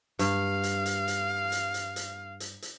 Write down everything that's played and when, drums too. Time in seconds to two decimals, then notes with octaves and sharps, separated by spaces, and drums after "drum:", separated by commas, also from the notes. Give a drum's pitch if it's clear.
0.19 G2 F5, drum: hi-hat
0.63 drum: hi-hat
0.86 drum: hi-hat
1.08 drum: hi-hat
1.52 drum: hi-hat
1.74 drum: hi-hat
1.96 drum: hi-hat
2.40 drum: hi-hat
2.62 drum: hi-hat